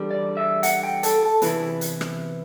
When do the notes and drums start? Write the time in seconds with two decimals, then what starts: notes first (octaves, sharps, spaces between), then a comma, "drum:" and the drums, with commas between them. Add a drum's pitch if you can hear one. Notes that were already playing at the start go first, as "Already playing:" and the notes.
Already playing: E2 D3 G3
0.11 D5
0.37 E5
0.63 F#5, drum: hi-hat
0.83 G5
1.03 A4, drum: hi-hat
1.23 A4
1.42 C3 E3 B3 E4 B4, drum: hi-hat
1.81 drum: hi-hat
2.01 drum: rim click